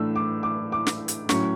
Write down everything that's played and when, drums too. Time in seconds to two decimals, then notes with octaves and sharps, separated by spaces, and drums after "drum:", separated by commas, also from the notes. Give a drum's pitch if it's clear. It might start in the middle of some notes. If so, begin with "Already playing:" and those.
Already playing: A2 E3 A3 D4 E6
0.15 D6
0.43 D6
0.72 D6
0.87 drum: snare
1.08 drum: hi-hat
1.29 A2 F#3 C#4 C#6, drum: snare